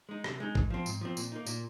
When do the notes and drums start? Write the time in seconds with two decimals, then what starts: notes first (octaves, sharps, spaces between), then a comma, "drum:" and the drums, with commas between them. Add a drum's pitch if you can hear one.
0.09 G#3 D#4
0.24 C3, drum: rim click
0.40 G#3 D#4
0.55 G#2, drum: kick A1
0.70 F3 C4
0.86 G#2, drum: tambourine
1.01 F3 C4
1.17 A#2, drum: tambourine
1.32 A#3 D#4
1.46 A#2, drum: tambourine